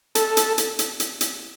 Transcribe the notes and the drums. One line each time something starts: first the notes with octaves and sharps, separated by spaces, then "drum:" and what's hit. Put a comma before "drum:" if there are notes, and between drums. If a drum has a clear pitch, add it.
A4, drum: hi-hat
drum: hi-hat
drum: hi-hat
drum: hi-hat
drum: hi-hat
drum: hi-hat